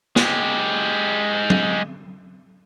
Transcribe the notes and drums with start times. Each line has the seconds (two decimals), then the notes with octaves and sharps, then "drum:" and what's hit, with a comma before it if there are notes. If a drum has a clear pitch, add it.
0.16 G#3 G4, drum: snare
1.50 drum: tom F#3